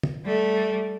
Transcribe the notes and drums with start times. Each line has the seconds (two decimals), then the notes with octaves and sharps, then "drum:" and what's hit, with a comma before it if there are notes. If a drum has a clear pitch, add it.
0.03 drum: tom
0.24 G3 A3